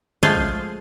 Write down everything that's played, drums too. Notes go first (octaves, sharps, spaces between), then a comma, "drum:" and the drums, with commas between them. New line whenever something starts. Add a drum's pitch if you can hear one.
F3 G#3 A3 F4 G#4 F5
drum: kick A1